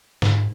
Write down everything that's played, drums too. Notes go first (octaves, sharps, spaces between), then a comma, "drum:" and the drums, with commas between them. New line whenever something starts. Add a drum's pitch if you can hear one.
G#2, drum: snare